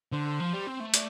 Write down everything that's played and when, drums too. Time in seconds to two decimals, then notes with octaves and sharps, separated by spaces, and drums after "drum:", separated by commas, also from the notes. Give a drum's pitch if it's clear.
0.12 D3 C5
0.40 F3
0.53 G3
0.67 C4
0.80 A3
0.94 D5, drum: hi-hat